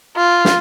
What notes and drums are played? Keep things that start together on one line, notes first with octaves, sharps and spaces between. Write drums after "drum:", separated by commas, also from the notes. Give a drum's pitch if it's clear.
F4
drum: snare